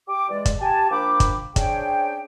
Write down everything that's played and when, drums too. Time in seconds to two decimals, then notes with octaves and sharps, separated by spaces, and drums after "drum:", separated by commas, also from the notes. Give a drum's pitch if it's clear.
0.08 G4 D6
0.29 E2 G#3 D5
0.45 drum: kick, hi-hat
0.61 G4 G#5 A5
0.91 F3 A#3 D4 G5 B5 D6
1.20 drum: kick, hi-hat
1.56 C#4 D4 G#4 C5 C#5 G5, drum: kick, hi-hat